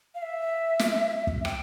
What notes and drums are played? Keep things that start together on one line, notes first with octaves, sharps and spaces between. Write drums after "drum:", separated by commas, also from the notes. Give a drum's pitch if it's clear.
F5
E5
drum: snare
drum: kick
G5, drum: rim click